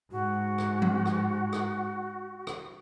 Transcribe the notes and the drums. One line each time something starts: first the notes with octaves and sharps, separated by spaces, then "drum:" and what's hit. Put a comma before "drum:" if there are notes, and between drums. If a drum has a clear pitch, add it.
G#2 F#4
drum: rim click
drum: tom F3
drum: rim click
drum: rim click
drum: rim click